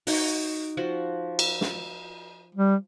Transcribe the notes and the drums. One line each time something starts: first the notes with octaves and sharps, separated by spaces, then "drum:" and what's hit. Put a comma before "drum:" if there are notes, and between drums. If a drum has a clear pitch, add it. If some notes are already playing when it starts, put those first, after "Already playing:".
D#4 F#4, drum: open hi-hat
F3 F#4
drum: cymbal
drum: snare
G3